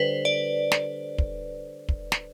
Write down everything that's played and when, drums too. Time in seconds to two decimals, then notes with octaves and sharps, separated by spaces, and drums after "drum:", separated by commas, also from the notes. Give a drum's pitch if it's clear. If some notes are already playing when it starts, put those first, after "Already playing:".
Already playing: D3 G3 B4 C5
0.25 D5
0.72 drum: snare
1.18 drum: kick
1.89 drum: kick
2.12 drum: snare